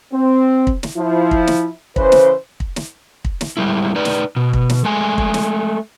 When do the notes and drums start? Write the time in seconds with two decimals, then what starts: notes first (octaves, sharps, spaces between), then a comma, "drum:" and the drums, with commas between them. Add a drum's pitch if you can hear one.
0.12 C4
0.67 drum: kick
0.83 drum: snare
0.97 F3 E4
1.31 drum: kick
1.47 drum: snare
1.96 C#3 E3 B4 C5, drum: kick
2.12 drum: snare
2.60 drum: kick
2.76 drum: snare
3.25 drum: kick
3.41 drum: snare
3.57 G3 G#3 E4
3.96 D#4 B4 D5
4.05 drum: snare
4.36 B2
4.53 drum: kick
4.69 drum: snare
4.85 G#3 A3 G#5
5.18 drum: kick
5.34 drum: snare